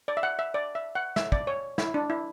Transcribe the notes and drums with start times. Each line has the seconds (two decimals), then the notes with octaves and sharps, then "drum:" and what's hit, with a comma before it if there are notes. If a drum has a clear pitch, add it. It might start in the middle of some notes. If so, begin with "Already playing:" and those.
0.08 D5
0.17 E5
0.23 F#5
0.39 E5
0.54 D5
0.75 E5
0.95 F#5
1.16 E5, drum: snare
1.32 D5, drum: kick
1.47 C#5
1.78 E4, drum: snare
1.94 D4
2.10 E4